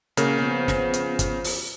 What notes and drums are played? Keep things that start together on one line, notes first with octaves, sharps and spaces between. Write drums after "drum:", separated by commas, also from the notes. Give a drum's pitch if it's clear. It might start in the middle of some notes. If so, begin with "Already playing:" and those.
C#3 G#3 A#3 F#4, drum: hi-hat
F3 B3 C#4
drum: snare
drum: hi-hat
drum: kick, hi-hat
drum: open hi-hat